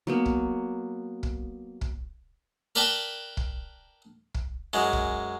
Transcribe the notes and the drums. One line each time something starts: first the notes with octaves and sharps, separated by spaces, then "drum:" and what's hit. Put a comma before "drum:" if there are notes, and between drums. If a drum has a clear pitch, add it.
F#3 A#3 B3
drum: kick
drum: kick
drum: kick
A#4 B4 D5 G5 A5 B5
drum: kick
drum: kick
F#2 G#3
drum: kick